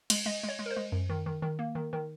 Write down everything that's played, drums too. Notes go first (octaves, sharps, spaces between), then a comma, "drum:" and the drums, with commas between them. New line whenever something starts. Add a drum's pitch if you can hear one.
G#3, drum: cymbal
G#3 D#5
G#3
C#5
G#3
A#4
C5
G#3
F#2
D#3
D#3
D#3
A#3
D#3
D#3